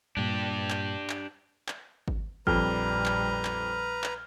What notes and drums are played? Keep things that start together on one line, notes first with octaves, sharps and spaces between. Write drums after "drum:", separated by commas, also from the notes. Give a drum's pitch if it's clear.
G2 A#2 D4 G4
drum: clap
drum: clap
drum: clap
drum: kick G#1
A#1 F2 G3 B4 A#5 F6, drum: kick G#1
drum: clap
drum: clap
drum: clap